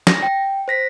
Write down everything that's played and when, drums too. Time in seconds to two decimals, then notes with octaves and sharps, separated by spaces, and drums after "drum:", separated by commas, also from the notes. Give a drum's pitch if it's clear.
0.07 A#6, drum: snare
0.22 G5
0.68 C5 A#6 B6